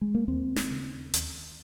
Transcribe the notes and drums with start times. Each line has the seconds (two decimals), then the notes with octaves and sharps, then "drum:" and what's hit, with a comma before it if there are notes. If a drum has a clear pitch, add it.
0.01 G#3
0.15 A#3
0.28 D#2 C4
0.56 drum: snare
0.70 C#3
1.14 D#2, drum: hi-hat